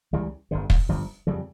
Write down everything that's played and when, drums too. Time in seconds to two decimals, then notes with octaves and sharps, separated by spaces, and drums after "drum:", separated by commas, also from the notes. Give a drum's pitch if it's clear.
0.13 C#2 C#3 E3 G3
0.51 G1 G2 D3
0.70 drum: kick
0.89 G1 G2 F3
1.26 F2 C#3 G3